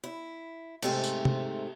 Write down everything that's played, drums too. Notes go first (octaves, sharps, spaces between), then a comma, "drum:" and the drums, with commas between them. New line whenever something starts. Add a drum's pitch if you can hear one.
E4
G#2 C3 A3, drum: cymbal
drum: tambourine
drum: tom